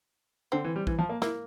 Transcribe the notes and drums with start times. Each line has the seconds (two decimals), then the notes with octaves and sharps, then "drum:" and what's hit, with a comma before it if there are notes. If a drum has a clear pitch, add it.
0.52 D3 C4
0.64 E3
0.76 G3
0.87 E3, drum: kick
0.99 F3
1.09 A#3
1.22 A#3 E4, drum: snare